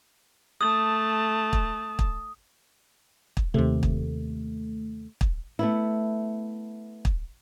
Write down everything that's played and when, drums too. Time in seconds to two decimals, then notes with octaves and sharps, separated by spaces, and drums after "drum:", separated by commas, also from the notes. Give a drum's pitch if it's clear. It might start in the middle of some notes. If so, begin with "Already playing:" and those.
0.61 A3 A5 D#6
1.53 drum: kick
1.99 drum: kick
3.37 drum: kick
3.54 D#2 C3 A3
3.83 drum: kick
5.21 drum: kick
5.59 A3 B3 E4
7.05 drum: kick